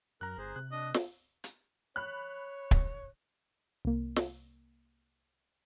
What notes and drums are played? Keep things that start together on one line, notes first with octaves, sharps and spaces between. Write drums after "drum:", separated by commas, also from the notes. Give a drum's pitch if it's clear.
F#2 A#4 A#5 F#6
G1 G#4 C5
C3 F#6
C3 D4 D#5
drum: snare
drum: hi-hat
C#5 B5 F#6
drum: kick
C2 A#3
drum: snare